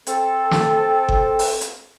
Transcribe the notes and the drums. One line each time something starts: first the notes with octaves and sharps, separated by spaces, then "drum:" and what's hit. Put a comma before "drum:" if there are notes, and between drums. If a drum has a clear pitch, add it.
C4 A4, drum: hi-hat
drum: snare
drum: kick G1
drum: open hi-hat
drum: hi-hat